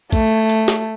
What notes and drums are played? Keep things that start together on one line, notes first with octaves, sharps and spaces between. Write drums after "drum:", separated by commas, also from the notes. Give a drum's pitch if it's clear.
A3, drum: kick A#1, hi-hat
drum: hi-hat
drum: snare